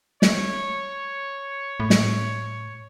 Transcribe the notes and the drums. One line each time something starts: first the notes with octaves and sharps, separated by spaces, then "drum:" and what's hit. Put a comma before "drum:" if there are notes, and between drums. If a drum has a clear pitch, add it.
C#5, drum: snare
A2
drum: snare